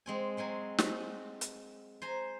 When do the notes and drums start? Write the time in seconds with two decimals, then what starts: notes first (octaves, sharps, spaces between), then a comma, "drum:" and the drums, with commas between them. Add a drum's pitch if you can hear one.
0.06 G#3 C4 G#5
0.37 F#3 G#3 C4 G#5
0.78 drum: snare
1.41 drum: hi-hat
2.02 C5 G#5 A#5